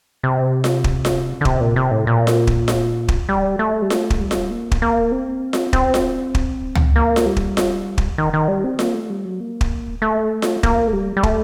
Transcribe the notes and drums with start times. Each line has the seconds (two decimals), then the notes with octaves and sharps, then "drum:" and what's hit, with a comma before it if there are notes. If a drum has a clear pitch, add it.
0.23 C3
0.64 drum: snare F4
0.84 drum: kick
1.05 drum: snare F4
1.41 D3
1.45 C3, drum: kick
1.61 A#2
1.76 C3
1.91 A2
2.07 A#2
2.27 drum: snare F4
2.47 drum: kick
2.68 drum: snare F4
3.08 drum: kick
3.29 G3
3.59 A3
3.82 G3
3.90 A3, drum: snare F4
4.10 drum: kick
4.21 G3
4.31 drum: snare F4
4.51 A#3
4.72 drum: kick
4.82 A#3
5.12 C4
5.53 drum: snare F4
5.73 C4, drum: kick
5.94 drum: snare F4
6.35 drum: kick
6.75 drum: tom
6.96 A#3
7.16 drum: snare F4
7.26 G3
7.37 drum: kick
7.57 drum: snare F4
7.98 drum: kick
8.18 D#3
8.33 D#3
8.48 G3
8.64 C4
8.79 A#3, drum: snare F4
8.94 A3
9.10 G3
9.25 F#3
9.40 A#3
9.61 drum: kick
10.02 A3
10.42 drum: snare F4
10.63 A#3, drum: kick
10.87 A3
10.93 G3
11.17 G3
11.23 A3, drum: kick